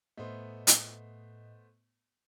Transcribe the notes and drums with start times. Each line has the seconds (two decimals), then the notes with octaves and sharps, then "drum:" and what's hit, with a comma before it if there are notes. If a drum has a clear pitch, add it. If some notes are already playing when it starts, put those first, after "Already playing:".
0.17 A2 A3 B3 C5 D#5
0.67 drum: hi-hat